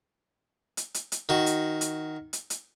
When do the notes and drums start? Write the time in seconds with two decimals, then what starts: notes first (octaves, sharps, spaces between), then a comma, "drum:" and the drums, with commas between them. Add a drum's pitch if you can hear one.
0.77 drum: hi-hat
0.94 drum: hi-hat
1.12 drum: hi-hat
1.29 D#3 F#4
1.46 drum: hi-hat
1.81 drum: hi-hat
2.33 drum: hi-hat
2.50 drum: hi-hat